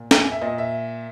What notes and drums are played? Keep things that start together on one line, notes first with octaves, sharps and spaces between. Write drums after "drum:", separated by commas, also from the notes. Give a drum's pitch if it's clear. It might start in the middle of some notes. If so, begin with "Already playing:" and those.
Already playing: A#2
G5, drum: snare
G#5
E5
A#2 D#5
E5